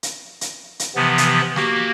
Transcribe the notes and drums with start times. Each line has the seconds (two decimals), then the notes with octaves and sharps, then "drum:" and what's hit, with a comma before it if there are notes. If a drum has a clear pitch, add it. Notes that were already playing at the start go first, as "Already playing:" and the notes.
0.03 drum: hi-hat
0.41 drum: hi-hat
0.79 drum: hi-hat
0.95 C3 E3 F3 B3
1.18 drum: hi-hat
1.56 A#3 F#4 G4, drum: snare